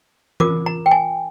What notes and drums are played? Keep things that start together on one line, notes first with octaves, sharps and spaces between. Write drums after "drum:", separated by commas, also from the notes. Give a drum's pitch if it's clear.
F4 A#4 D6, drum: tom E3
A#5
G5
G#5